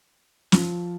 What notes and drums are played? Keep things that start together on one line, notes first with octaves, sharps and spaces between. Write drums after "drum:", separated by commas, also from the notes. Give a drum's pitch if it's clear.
F3, drum: snare